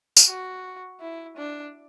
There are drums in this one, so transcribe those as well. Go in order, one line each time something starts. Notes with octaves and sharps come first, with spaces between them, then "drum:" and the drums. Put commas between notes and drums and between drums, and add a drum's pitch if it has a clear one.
drum: tambourine
F#4
E4
D4